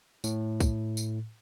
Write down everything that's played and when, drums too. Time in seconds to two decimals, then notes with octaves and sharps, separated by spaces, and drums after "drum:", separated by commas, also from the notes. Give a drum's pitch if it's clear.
0.24 A2, drum: tambourine
0.60 drum: kick B1, tambourine
0.97 drum: tambourine